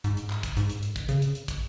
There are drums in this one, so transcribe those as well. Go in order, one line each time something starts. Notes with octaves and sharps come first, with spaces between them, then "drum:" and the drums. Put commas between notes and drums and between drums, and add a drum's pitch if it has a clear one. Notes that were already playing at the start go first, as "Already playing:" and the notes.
G#2, drum: hi-hat
drum: hi-hat
drum: clap
drum: kick, hi-hat
G#2, drum: hi-hat
drum: hi-hat
drum: hi-hat
drum: kick, hi-hat
C#3, drum: hi-hat
drum: hi-hat
drum: hi-hat
drum: kick, hi-hat